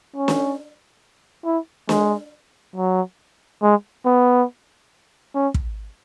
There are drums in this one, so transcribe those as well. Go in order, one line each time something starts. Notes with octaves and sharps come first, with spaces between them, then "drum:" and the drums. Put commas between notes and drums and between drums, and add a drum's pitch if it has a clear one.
C#4
drum: snare
E4
G#3, drum: snare
F#3
G#3
B3
C#4
drum: kick